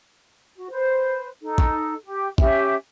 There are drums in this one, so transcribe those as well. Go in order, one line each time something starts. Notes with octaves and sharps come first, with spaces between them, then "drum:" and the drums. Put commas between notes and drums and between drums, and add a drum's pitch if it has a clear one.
F#4
B4 C5
D#4 A4
drum: kick
G4
C#4 G4 E5, drum: kick